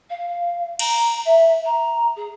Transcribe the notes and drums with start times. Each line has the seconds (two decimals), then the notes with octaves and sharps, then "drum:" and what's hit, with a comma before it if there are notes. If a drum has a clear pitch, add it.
0.10 F5
0.79 A#5, drum: cymbal
1.25 E5
1.65 A#5
2.16 G#4